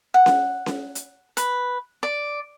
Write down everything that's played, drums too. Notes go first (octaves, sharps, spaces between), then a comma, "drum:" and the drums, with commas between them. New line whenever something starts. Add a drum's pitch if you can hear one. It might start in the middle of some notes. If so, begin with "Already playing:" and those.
F#5
drum: snare C#4
drum: snare C#4
drum: hi-hat
B4, drum: hi-hat
D5